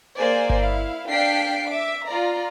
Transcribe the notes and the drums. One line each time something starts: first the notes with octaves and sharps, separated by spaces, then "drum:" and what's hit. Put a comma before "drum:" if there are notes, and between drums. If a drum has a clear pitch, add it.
A#3 G#4 C5 D5 G#5
drum: kick G1
E4 F5
D4 F5 G5 B6 C7 D7
E5 D6
F4 D5 A#5